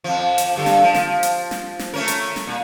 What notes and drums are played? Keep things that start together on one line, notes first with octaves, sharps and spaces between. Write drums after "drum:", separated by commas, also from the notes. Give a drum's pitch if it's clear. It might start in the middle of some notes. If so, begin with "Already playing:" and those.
F2 F3
drum: hi-hat
G2 D3 A4
drum: snare
F3
drum: snare
drum: hi-hat
drum: snare
drum: snare
A3 C#4 A#4
drum: hi-hat
drum: snare
A#2